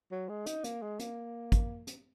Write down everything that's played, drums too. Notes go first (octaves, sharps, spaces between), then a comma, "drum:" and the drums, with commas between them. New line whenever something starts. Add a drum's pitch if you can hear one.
F#3
G#3
D#4, drum: hi-hat
A#3, drum: hi-hat
G#3
A#3, drum: hi-hat
drum: kick, hi-hat
drum: hi-hat